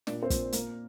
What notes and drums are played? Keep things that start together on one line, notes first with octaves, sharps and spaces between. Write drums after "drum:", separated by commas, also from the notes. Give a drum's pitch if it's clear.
A#2 D4 D5, drum: snare
C4 C5
A#2, drum: kick, hi-hat
A#2 A#3 A#4, drum: hi-hat